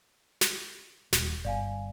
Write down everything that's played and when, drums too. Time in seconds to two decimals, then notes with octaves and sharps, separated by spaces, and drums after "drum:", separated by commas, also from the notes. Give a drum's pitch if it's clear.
0.41 drum: snare
1.13 D#1, drum: snare
1.45 G1 D5 F5 G#5